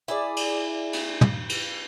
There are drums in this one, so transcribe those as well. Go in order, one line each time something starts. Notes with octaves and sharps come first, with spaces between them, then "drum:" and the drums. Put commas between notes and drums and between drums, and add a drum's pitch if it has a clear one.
E4 G#4 D5
drum: cymbal
drum: cymbal
drum: tom
drum: cymbal